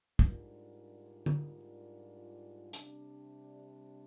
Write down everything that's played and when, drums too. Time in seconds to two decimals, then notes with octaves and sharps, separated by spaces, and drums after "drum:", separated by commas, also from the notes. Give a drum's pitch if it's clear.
0.19 G#2 G3 D4 F4 A#4, drum: kick
1.26 drum: tom
2.73 C3 G3 D4, drum: hi-hat